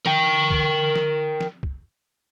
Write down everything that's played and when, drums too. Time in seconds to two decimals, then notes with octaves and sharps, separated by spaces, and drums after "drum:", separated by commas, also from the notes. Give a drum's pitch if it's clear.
0.06 A#4 G5, drum: snare
0.51 drum: kick
0.96 drum: snare
1.41 drum: snare
1.63 drum: kick